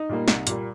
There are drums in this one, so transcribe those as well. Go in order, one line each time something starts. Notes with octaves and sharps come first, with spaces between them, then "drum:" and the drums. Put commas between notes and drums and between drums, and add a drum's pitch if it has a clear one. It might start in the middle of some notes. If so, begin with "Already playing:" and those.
Already playing: D#4
A#2 G3 A#3
C2, drum: snare
A#2 G3 A#3, drum: hi-hat